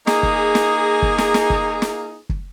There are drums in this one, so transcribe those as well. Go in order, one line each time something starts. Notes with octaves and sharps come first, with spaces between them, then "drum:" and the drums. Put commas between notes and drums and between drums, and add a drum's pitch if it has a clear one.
A#3 D#4 G#4, drum: snare
drum: kick
drum: snare
drum: kick
drum: snare
drum: snare
drum: kick
drum: snare
drum: kick